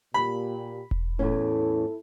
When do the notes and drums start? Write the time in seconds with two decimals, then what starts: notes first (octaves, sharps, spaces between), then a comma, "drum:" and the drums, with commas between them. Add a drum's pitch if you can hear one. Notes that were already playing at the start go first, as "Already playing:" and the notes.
0.14 A#2 G4 B5
0.91 drum: kick E1
1.19 E2 A2 C#4 E4 A4